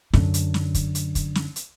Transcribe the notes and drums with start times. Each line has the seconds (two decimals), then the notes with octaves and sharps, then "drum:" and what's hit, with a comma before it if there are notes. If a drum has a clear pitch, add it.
0.13 F#2 D3, drum: snare
0.34 drum: hi-hat
0.54 drum: snare
0.74 drum: kick, hi-hat
0.95 drum: hi-hat
1.15 drum: kick, hi-hat
1.35 drum: snare
1.56 drum: hi-hat